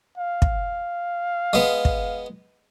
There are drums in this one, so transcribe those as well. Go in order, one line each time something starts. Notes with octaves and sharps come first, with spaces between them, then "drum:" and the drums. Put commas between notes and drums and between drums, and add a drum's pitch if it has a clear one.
F5
drum: kick
G#3 B3
drum: kick